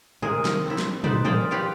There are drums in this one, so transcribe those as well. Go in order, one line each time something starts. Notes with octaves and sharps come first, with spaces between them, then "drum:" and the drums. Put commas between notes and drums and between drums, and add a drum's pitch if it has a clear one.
C3 G#3 A#3 G#4 A#4
D#3, drum: snare
C4 D4 E4
drum: snare
D4 D#4 B4 C5 D5, drum: tom
G#4 A#4 C5 D5 F5 G5, drum: tom
F4 G4 B4 C#5 D5 F5